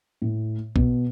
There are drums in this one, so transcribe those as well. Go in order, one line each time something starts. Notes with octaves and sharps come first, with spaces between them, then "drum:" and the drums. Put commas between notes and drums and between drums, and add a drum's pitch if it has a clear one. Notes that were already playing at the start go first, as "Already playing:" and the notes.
A2
B2, drum: kick